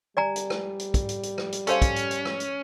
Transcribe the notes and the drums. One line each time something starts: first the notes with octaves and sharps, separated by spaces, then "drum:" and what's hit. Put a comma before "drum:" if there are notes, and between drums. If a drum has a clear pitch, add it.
G3 D5 G#5 A#5
drum: hi-hat
drum: rim click
drum: hi-hat
drum: kick, hi-hat
drum: hi-hat
drum: hi-hat
drum: rim click
drum: hi-hat
C#4 A4 C5 F5, drum: hi-hat
drum: kick, hi-hat
drum: hi-hat
drum: hi-hat
drum: rim click
drum: hi-hat